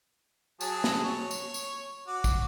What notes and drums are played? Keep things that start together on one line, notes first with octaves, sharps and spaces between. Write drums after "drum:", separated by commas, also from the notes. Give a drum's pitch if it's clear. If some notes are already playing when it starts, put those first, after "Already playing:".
F#3 G#4 A5, drum: tambourine
drum: snare
C#5
drum: tambourine
drum: tambourine
F#4 D6
drum: kick, tambourine